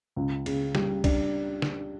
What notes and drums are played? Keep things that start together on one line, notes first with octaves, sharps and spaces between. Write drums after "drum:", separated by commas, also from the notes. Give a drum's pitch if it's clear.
C#2
C#3, drum: cymbal
G3, drum: snare
D4, drum: kick B1, cymbal
drum: snare